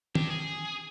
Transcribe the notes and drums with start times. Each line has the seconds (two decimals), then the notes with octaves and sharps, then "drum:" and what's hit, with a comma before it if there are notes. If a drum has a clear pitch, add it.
0.15 D4 G4, drum: tom
0.30 G#4